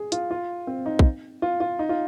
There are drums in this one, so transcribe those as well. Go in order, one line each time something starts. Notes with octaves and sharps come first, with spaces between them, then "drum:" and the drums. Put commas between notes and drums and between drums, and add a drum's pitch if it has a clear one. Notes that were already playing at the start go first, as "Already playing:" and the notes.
Already playing: G#4
F4, drum: hi-hat
F4
C4
D#4
drum: kick
F4
F4
D#4
F4